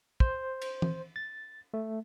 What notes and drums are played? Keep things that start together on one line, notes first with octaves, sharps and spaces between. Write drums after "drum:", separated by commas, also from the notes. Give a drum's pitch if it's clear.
C5, drum: kick
drum: cymbal
drum: tom E3
A6
A3